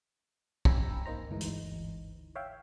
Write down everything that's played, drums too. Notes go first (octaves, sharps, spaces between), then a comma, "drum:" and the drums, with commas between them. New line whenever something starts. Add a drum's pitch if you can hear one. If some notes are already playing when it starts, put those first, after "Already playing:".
G5 G#5 A#5 B5 E6, drum: kick
A#3 D#4 C5 A#5
G1 D2 G#2 E3 D#4
drum: hi-hat
C#5 E5 F5 G5